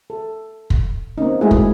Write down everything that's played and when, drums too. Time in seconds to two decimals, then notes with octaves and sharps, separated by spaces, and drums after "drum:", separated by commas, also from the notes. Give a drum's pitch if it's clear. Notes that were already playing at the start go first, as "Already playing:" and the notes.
0.10 A4
0.70 drum: kick
1.18 A#3 C4 C#4 D#4
1.41 G#3 A3 E4 F#4 G#4
1.51 drum: kick